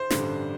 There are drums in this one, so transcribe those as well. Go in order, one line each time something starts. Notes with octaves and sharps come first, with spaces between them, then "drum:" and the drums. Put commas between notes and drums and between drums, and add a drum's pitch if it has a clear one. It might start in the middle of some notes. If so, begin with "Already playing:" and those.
Already playing: C5
A1 G2 D3, drum: snare